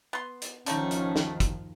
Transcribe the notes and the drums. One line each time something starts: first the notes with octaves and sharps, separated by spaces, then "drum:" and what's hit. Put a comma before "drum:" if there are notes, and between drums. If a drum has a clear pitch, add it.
B3 C6
drum: hi-hat
G#1 D3 D#3 F3 A3 C#4 D#4, drum: hi-hat
drum: hi-hat
drum: snare
drum: kick, hi-hat